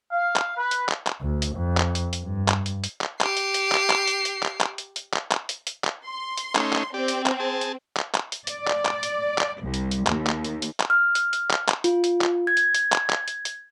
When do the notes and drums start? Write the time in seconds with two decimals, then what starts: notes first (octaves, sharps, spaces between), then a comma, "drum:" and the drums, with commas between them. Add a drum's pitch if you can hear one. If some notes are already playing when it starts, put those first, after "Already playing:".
0.12 F5
0.36 drum: clap
0.57 B4
0.71 drum: hi-hat
0.89 drum: clap
1.07 drum: clap
1.21 D2
1.42 drum: hi-hat
1.56 F2
1.77 drum: clap
1.95 drum: hi-hat
2.13 drum: hi-hat
2.23 G2
2.48 drum: clap
2.66 drum: hi-hat
2.84 drum: hi-hat
3.01 drum: clap
3.21 G4 C7, drum: clap
3.37 drum: hi-hat
3.54 drum: hi-hat
3.72 drum: clap
3.90 drum: clap
4.07 drum: hi-hat
4.25 drum: hi-hat
4.43 drum: clap
4.61 drum: clap
4.78 drum: hi-hat
4.96 drum: hi-hat
5.14 drum: clap
5.31 drum: clap
5.49 drum: hi-hat
5.67 drum: hi-hat
5.84 drum: clap
6.05 C6
6.37 drum: hi-hat
6.55 A3 C#4 D#4, drum: clap
6.73 drum: clap
6.94 C4 G4 D5
7.08 drum: hi-hat
7.26 drum: clap
7.40 G#4 A5
7.61 drum: hi-hat
7.97 drum: clap
8.14 drum: clap
8.32 drum: hi-hat
8.47 D5, drum: hi-hat
8.68 drum: clap
8.85 drum: clap
9.03 drum: hi-hat
9.38 drum: clap
9.61 C2
9.74 drum: hi-hat
9.91 drum: hi-hat
10.07 D#2, drum: clap
10.27 drum: clap
10.44 drum: hi-hat
10.62 drum: hi-hat
10.80 drum: clap
10.90 F6
11.15 drum: hi-hat
11.33 drum: hi-hat
11.51 drum: clap
11.68 drum: clap
11.84 F4, drum: hi-hat
12.04 drum: hi-hat
12.21 drum: clap
12.47 G#6
12.57 drum: hi-hat
12.75 drum: hi-hat
12.92 drum: clap
13.10 drum: clap
13.28 drum: hi-hat
13.45 drum: hi-hat